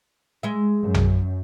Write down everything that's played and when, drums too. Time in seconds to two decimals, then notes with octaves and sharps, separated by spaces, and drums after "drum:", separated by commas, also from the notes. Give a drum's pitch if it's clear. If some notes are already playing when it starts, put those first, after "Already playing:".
0.43 G#3 E5
0.82 F#2
0.94 drum: tom A#1